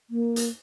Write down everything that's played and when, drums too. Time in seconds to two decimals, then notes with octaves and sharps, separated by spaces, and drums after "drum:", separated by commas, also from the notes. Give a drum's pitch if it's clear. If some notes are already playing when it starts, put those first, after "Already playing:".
0.10 A#3
0.36 drum: hi-hat